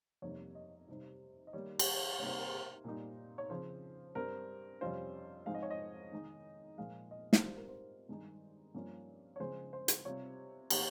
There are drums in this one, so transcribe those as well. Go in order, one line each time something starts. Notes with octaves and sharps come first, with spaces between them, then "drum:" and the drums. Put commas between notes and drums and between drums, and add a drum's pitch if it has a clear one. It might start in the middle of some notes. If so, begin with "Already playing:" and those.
F2 C3 G3 A#3 D#4 C#5
D#5
C3 G3 C4 D#4
D#5
D#3 G3 A#3 D#4 C#5
drum: cymbal
C3 G3 A#3 D#4 C#5
C5
A#4
C5
A#2 G3 A#3 D#4
C#5
C#3 F3 C4 C5
G2 G3 C4 A#4
F2 C3 G3 C#4 F4 C5
G#2 F3 G#3 C4 D#4 F5
D#5
C#5
D#5
D#3 G#3 D#4
A#2 F3 G#3 F5
D#5
drum: snare
G#2 G3 C4 F4 C5
A#4
C5
G2 D#3 G#3 D#4
G2 F3 A#3 C#4 F4
C#5
C#3 F3 G#3 C4 C5
C5
drum: hi-hat
C3 G3 C4 F4 C#5
D#3 A#3 D#4, drum: cymbal